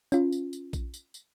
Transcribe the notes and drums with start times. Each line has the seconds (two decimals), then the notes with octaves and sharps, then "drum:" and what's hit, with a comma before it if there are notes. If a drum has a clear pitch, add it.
0.12 C#4 F4, drum: tambourine
0.32 drum: tambourine
0.53 drum: tambourine
0.73 drum: kick A#1, tambourine
0.94 drum: tambourine
1.14 drum: tambourine